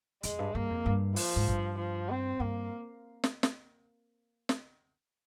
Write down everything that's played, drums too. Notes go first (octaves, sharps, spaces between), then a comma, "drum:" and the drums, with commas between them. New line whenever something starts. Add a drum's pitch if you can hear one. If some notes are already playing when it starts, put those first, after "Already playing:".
F2 G#3, drum: hi-hat
G2
G2 A#3
F2
G2
F3, drum: open hi-hat
G#2
G2, drum: kick
F3
C4
G2 A#3
drum: snare
drum: snare
drum: snare